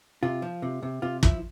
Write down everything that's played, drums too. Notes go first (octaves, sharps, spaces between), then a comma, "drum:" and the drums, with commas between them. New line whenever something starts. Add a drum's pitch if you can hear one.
C3 F4
F3
C3
C3
C3 F4
F3 E4, drum: kick